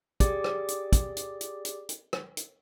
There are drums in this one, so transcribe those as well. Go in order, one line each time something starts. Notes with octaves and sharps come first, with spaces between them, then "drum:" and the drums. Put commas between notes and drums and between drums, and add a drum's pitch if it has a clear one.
G4 G#4 D5 D6, drum: kick, hi-hat
drum: rim click
drum: hi-hat
drum: kick, hi-hat
drum: hi-hat
drum: hi-hat
drum: hi-hat
drum: hi-hat
drum: rim click
drum: hi-hat